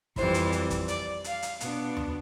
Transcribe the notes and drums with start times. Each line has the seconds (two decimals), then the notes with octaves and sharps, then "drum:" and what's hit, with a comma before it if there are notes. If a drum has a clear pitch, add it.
0.16 F2 E3 G3 C5, drum: kick, open hi-hat
0.34 drum: hi-hat
0.52 drum: hi-hat
0.70 drum: kick, hi-hat
0.88 D5, drum: hi-hat
1.24 F5, drum: hi-hat
1.42 drum: hi-hat
1.60 B2 B3 D4, drum: hi-hat
1.97 drum: tom D#2